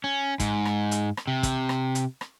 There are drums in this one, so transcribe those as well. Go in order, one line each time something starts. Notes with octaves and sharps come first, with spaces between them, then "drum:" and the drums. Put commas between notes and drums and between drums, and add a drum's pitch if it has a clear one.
C#4
G#2, drum: kick, hi-hat
drum: rim click
drum: hi-hat
drum: rim click
C3
drum: kick, hi-hat
drum: rim click
drum: hi-hat
drum: rim click